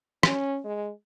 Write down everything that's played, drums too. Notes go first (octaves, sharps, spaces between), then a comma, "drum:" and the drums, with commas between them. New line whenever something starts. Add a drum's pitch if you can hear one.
C#4, drum: rim click
G#3